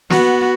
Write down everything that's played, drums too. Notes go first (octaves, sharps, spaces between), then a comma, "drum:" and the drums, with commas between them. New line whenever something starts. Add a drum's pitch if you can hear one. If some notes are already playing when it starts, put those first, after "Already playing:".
B3 F#4, drum: snare